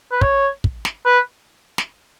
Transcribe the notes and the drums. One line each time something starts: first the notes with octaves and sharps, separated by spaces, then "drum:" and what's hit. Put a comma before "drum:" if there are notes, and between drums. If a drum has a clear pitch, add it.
B4
C#5, drum: kick
drum: kick
drum: snare
B4
drum: snare